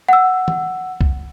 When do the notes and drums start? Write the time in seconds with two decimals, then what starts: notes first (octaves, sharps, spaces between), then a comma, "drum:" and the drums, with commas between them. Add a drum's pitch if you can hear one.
0.09 F#5 E6
0.48 drum: tom
1.01 drum: kick C2